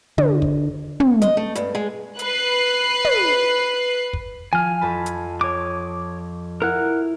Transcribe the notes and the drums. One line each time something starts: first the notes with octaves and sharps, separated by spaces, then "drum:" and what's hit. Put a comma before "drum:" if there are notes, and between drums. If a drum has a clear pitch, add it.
D3, drum: tom
drum: kick
drum: tom
D#5, drum: hi-hat
A3
G2, drum: hi-hat
G#3
B4 F#6 C7, drum: hi-hat
drum: tom
drum: kick
F3 G#5 F6
F2 A5 B5
drum: hi-hat
C#5 D6 D#6
E4 A#4 F#5